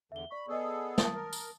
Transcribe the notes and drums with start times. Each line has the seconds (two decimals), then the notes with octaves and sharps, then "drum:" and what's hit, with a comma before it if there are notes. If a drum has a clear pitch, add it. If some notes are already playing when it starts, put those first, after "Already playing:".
0.12 E2 D3 E5 G7
0.31 D5 B5 C#6
0.48 B3 G#4 A4 D5 D#5
0.98 A5 D#6 A6, drum: snare
1.14 A#4
1.33 drum: tambourine